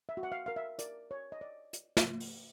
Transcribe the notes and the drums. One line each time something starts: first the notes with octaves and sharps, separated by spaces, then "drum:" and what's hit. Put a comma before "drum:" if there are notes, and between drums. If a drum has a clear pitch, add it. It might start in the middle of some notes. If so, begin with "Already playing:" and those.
E5
F#4
F#5
F5
A#4 F5
E5
A#4 D5, drum: hi-hat
C#5
D#5
D5
drum: hi-hat
drum: snare
drum: open hi-hat